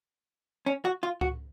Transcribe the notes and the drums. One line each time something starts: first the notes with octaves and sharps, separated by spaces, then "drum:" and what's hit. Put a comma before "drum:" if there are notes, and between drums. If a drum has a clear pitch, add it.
C#4
F#4
F4
F#4, drum: kick C#2